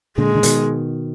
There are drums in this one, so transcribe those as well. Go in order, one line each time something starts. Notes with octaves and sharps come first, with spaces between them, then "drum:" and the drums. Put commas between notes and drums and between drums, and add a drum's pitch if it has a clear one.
A#2 D3 G#3
D3
B2 D#3, drum: hi-hat